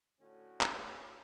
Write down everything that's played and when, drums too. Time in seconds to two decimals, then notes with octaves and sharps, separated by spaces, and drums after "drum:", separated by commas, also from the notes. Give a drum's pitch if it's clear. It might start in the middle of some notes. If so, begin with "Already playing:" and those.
0.21 A2 D3 C#4 F#4
0.61 drum: clap